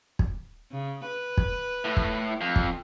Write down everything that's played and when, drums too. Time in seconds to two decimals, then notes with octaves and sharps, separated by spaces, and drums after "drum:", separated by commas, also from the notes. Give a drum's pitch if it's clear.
0.19 drum: kick
0.72 C#3
1.06 B4
1.37 drum: kick
1.85 A2
1.97 drum: kick
2.41 F2
2.56 drum: kick